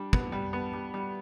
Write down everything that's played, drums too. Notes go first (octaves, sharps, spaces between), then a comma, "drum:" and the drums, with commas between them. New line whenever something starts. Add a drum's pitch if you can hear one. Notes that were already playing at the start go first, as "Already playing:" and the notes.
Already playing: G3 D4
B3, drum: kick
G3
B3
G3
G3